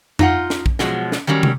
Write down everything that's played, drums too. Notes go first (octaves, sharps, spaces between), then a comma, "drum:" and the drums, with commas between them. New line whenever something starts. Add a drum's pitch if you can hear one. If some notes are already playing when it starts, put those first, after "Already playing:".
D#4 F4 F#5, drum: tom F2
drum: snare
drum: kick A#1
B2 F3 F#3 G#3, drum: snare
drum: snare
D#3 F#3 G3 C#4
drum: tom